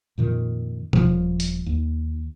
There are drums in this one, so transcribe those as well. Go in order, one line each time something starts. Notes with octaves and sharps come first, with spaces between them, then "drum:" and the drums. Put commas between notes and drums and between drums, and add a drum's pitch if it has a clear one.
F2 A#2 D#3
D#1 G#1 F3, drum: tom B2
drum: hi-hat
D#2